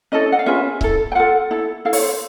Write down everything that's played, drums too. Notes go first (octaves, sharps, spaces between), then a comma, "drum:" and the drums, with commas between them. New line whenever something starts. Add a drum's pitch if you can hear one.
C#4 E4 A4 D#5
F#5
F5
C#4 F4 G#4 B4 E5
E4 A4, drum: kick C#1
G5
F4 A4 F#5
E4 A4
E4 A4 F5
C#5, drum: open hi-hat
C5